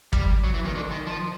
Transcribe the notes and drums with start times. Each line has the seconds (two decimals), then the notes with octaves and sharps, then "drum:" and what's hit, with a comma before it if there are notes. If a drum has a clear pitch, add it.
0.13 G3, drum: kick
0.44 F#3
0.54 E3
0.66 D#3
0.75 D3
0.91 D#3
1.07 F3